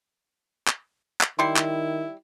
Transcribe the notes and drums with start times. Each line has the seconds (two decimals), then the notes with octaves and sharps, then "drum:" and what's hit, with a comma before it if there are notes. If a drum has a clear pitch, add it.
0.68 drum: clap
1.21 drum: clap
1.39 D#3 G3 E4 C6
1.57 drum: clap